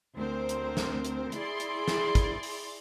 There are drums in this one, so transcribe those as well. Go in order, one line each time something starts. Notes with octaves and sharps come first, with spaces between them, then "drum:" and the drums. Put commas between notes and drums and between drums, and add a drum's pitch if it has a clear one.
D2 C4 A#4 C5
drum: hi-hat
drum: snare
drum: hi-hat
E4 G#4 D5 C6, drum: hi-hat
drum: hi-hat
drum: snare
drum: kick, hi-hat
drum: open hi-hat